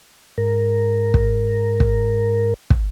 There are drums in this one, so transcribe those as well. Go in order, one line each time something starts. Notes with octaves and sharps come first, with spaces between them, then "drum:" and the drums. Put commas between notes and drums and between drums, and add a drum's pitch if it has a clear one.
G#2 A#4
drum: kick
drum: kick
drum: kick